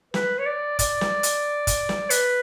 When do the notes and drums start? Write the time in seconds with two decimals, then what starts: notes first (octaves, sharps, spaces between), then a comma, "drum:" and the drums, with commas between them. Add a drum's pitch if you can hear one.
0.14 B4, drum: snare
0.39 C#5
0.46 D5
0.79 D5, drum: kick, hi-hat
1.01 drum: snare
1.23 drum: hi-hat
1.67 drum: kick, hi-hat
1.89 drum: snare
2.10 B4, drum: hi-hat